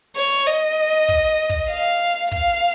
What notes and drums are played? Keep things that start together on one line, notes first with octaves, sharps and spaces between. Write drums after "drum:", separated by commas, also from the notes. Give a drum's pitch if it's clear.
C#5
D#5, drum: hi-hat
drum: open hi-hat
drum: kick, open hi-hat
drum: hi-hat
drum: kick, hi-hat
F5, drum: hi-hat
drum: open hi-hat
F5, drum: kick, open hi-hat